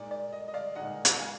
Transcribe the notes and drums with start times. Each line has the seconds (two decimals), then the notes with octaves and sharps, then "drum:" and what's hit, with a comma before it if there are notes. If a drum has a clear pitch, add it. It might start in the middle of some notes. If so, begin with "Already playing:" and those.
Already playing: A#2 G#3 D#4 D5
0.11 D5
0.33 D#5
0.48 D#5
0.54 D5 F5
0.75 A#2 G#3 D#4 D#5 F#5
1.05 drum: hi-hat
1.19 F5 G#5